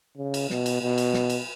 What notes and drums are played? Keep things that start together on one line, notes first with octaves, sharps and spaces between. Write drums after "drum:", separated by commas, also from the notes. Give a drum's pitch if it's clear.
C#3
drum: cymbal
B2, drum: snare
drum: cymbal
B2
drum: cymbal
drum: snare
drum: cymbal